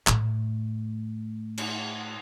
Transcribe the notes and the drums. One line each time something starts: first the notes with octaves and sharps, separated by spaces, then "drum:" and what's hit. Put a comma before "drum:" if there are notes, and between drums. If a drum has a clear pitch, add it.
A2 A3, drum: clap
drum: cymbal